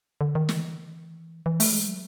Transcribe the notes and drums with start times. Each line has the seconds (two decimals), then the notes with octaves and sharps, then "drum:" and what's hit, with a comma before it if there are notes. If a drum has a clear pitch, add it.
0.21 D3
0.35 D#3
0.49 E3, drum: snare
1.46 E3
1.60 A3, drum: open hi-hat
1.74 G#3
1.88 F#3